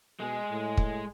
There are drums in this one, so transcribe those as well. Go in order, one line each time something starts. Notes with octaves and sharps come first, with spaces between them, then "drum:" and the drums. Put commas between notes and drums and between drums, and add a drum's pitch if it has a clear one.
B2 G#3 G#4
A2
drum: kick